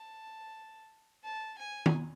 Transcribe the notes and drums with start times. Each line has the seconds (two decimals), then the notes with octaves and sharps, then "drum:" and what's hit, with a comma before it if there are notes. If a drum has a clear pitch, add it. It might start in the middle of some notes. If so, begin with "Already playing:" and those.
Already playing: A5
1.24 A5
1.58 G#5
1.86 drum: tom D#3